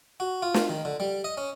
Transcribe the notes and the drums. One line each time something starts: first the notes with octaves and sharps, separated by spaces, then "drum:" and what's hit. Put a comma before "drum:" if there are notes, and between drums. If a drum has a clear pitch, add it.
F#4
F4
drum: snare
D#3
D3
G3
D#5
C#4